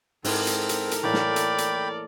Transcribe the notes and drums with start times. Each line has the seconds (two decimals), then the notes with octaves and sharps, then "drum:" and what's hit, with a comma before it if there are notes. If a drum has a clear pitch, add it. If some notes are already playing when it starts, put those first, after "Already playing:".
0.24 G#2 C4 E4 A4 A#4, drum: open hi-hat
0.47 drum: hi-hat
0.69 drum: hi-hat
0.91 drum: hi-hat
1.03 A2 E3 A#3 D5 G5 B5
1.14 drum: snare
1.36 drum: hi-hat
1.58 drum: hi-hat